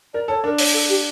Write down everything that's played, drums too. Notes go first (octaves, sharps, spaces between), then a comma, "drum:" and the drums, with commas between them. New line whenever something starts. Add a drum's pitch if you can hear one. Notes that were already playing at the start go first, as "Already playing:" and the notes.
A#4 D5
A4 C#5
D4 A#4
C#5, drum: open hi-hat
A4
G4